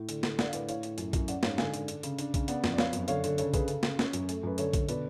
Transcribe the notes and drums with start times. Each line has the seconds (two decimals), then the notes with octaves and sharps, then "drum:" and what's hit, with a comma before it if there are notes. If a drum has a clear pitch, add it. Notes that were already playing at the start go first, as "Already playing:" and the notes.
Already playing: A2
0.09 D3, drum: hi-hat
0.23 D3, drum: snare
0.39 D4 D5 F#5, drum: snare
0.48 F5
0.53 A2 B4 D5, drum: hi-hat
0.69 A2 C#5 F5, drum: hi-hat
0.83 A2, drum: hi-hat
0.98 F#2, drum: hi-hat
1.13 F#2, drum: kick A#1, hi-hat
1.28 C#4 D5 F#5, drum: hi-hat
1.43 G#2 C#5 F5, drum: snare
1.58 D3 F5 G#5, drum: snare
1.74 D3, drum: hi-hat
1.88 D4, drum: hi-hat
2.03 C#3, drum: hi-hat
2.19 D4, drum: hi-hat
2.34 C#3, drum: kick A#1, hi-hat
2.48 B3 D5 F#5, drum: hi-hat
2.64 F2, drum: snare
2.74 D5
2.78 B3 C#5 F5, drum: snare
2.93 F#2, drum: hi-hat
3.08 D3 C#5 F5, drum: hi-hat
3.24 D3, drum: hi-hat
3.38 C#3 A4 C#5, drum: hi-hat
3.54 C#3 G#4 B4, drum: kick A#1, hi-hat
3.68 C#3 A4, drum: hi-hat
3.83 C#3, drum: snare
3.99 C#4, drum: snare
4.13 F#2, drum: hi-hat
4.29 A3, drum: hi-hat
4.43 F#2 B4
4.58 D3 A4 C#5, drum: hi-hat
4.73 D3, drum: kick A#1, hi-hat
4.89 B2 B4 D5, drum: hi-hat